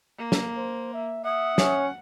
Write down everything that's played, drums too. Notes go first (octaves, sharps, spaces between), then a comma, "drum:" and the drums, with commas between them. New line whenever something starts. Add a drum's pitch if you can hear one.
A#3
drum: snare
C5
E5
E5 F#5 D#6
C#4, drum: snare